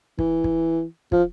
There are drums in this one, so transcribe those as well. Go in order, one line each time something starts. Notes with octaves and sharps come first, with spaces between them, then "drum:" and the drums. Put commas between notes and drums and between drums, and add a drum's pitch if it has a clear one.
E3, drum: kick
drum: kick
F3, drum: kick